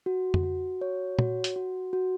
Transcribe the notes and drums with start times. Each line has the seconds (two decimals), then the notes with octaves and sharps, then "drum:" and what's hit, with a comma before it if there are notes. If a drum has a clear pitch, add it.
0.06 F#4
0.34 drum: tom F2
0.43 F#4
0.81 C#5
1.19 F#4, drum: tom
1.44 drum: hi-hat
1.56 F#4
1.93 F#4